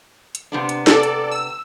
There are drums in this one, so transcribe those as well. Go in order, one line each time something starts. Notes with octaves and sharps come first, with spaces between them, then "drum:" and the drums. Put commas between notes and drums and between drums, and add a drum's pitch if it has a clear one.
drum: hi-hat
C3 B3 D4
drum: hi-hat
A4 D5, drum: snare
drum: hi-hat
E6